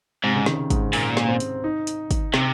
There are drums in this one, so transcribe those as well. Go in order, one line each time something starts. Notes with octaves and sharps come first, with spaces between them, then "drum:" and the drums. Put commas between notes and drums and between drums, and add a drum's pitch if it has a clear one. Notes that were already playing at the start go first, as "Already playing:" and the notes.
G#2 C3
C#3
D#3, drum: snare
G#2, drum: kick, hi-hat
A#2, drum: open hi-hat
drum: snare
C4
drum: hi-hat
D#4
drum: hi-hat
drum: kick, hi-hat
C3, drum: snare